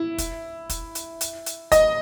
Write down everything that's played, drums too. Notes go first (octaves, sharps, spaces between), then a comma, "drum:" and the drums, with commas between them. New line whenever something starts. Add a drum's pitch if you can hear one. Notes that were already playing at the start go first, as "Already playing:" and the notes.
Already playing: E4
drum: kick, hi-hat
drum: kick, hi-hat
drum: hi-hat
drum: hi-hat
drum: hi-hat
D#5, drum: kick, hi-hat